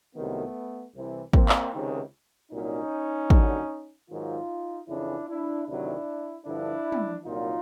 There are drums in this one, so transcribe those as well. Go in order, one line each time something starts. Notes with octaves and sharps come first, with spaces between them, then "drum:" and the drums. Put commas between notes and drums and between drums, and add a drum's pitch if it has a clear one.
C2 C3 D#3 F#3 A3 B3
C2 C3 E3
A#3 C4, drum: kick
drum: clap
C#2 C3 D#3
C2 A#2 F#3 C#4 D#4
D#2 D3 F#3, drum: kick
G#2 D#3 F#3 D#4 F4
F2 C#3 E3 D4 E4
D4 E4
D2 C3 D#3 F#3 D4 E4
G2 D3 F3 D4 E4
drum: tom
C2 A#2 F#3 D#4 F4